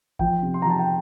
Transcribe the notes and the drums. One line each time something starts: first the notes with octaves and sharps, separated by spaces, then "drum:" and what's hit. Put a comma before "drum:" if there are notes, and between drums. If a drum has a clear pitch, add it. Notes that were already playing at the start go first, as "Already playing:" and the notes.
F3 G5, drum: kick G1
C3
C6
F3 A#5
A5
G5